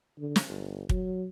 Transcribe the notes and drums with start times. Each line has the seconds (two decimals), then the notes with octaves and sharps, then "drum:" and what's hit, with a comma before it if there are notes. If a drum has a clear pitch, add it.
0.19 D3
0.36 drum: snare
0.48 G1
0.89 F#3, drum: kick